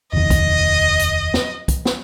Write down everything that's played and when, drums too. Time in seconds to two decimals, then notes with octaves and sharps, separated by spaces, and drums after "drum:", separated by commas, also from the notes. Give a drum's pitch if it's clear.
0.13 F1 D#2 D#5
0.30 drum: kick, hi-hat
0.99 drum: hi-hat
1.34 drum: snare
1.68 drum: kick, hi-hat
1.85 drum: snare